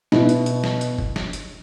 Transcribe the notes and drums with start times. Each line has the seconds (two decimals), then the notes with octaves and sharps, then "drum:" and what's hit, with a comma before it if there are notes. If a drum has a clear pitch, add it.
0.12 B2 B3 E4, drum: snare
0.29 drum: hi-hat
0.46 drum: hi-hat
0.64 drum: snare
0.81 drum: hi-hat
0.98 drum: kick
1.16 drum: snare
1.33 drum: hi-hat